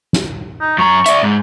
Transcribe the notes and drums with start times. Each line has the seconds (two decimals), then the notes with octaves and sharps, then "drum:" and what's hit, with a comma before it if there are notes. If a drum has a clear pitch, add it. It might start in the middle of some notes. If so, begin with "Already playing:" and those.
0.13 drum: snare
0.61 D#4
0.78 F#2 A#5 C#6
1.06 D5 E5, drum: hi-hat
1.23 G#2